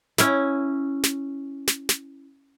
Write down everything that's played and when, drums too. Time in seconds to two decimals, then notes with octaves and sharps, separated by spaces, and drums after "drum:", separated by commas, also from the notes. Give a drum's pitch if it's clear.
0.18 C#4 E4, drum: snare
1.04 drum: snare
1.68 drum: snare
1.89 drum: snare